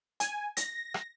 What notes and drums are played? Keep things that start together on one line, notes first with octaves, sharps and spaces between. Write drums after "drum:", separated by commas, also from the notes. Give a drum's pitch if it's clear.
G#5, drum: hi-hat
A#6, drum: hi-hat
drum: rim click